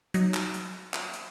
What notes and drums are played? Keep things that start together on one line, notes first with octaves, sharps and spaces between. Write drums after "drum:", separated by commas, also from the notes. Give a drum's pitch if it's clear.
F#3 D#4, drum: hi-hat
drum: clap
drum: hi-hat
drum: clap
drum: hi-hat